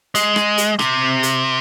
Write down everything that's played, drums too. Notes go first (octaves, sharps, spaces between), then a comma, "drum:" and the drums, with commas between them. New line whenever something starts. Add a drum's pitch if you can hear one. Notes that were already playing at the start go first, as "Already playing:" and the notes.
G#3, drum: hi-hat
drum: rim click
drum: hi-hat
C3, drum: rim click
drum: hi-hat